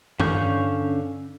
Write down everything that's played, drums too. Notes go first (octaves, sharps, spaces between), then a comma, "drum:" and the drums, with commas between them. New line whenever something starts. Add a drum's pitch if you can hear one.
D3 C#4 F5 C#6 G6, drum: tom G2